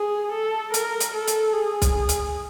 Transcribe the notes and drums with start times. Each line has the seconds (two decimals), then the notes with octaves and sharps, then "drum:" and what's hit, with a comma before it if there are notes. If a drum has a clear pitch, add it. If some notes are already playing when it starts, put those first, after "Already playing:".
Already playing: G#4
0.33 A4
0.74 A#4, drum: hi-hat
1.00 drum: hi-hat
1.14 A4
1.27 drum: hi-hat
1.54 G#4
1.82 drum: kick B1, hi-hat
2.09 drum: hi-hat